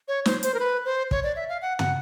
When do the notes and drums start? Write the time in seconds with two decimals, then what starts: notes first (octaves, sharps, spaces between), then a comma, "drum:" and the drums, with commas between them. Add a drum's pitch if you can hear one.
0.08 C#5
0.25 C5, drum: snare
0.43 C5, drum: hi-hat
0.54 A#4
0.60 B4
0.85 C5
1.11 C#5, drum: kick
1.23 D5
1.36 E5
1.49 F5
1.62 F#5
1.79 F#5, drum: tom